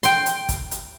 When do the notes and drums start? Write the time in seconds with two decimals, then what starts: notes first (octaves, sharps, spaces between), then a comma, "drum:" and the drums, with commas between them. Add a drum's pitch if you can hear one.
0.03 G5 C6, drum: hi-hat
0.26 drum: hi-hat
0.49 drum: kick, hi-hat
0.71 drum: hi-hat